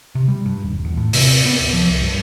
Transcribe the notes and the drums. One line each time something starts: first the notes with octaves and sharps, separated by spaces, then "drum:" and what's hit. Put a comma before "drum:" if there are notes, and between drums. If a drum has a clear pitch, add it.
C3
G3
G2
D#1
E2
A2
C3, drum: open hi-hat
B3
D1
F3
C2
G2